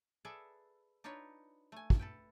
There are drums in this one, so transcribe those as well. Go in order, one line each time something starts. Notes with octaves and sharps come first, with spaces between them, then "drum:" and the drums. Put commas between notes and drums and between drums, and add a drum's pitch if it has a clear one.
G#4 A4 B4 D5 E5
D4 D#4 F4 B4 C#5
A3 G#5
drum: kick
A4 B4 G5